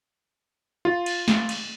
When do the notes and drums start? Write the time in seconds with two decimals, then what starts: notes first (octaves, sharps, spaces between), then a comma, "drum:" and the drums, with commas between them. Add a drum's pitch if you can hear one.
0.85 F4
1.06 drum: cymbal
1.28 drum: snare
1.49 drum: cymbal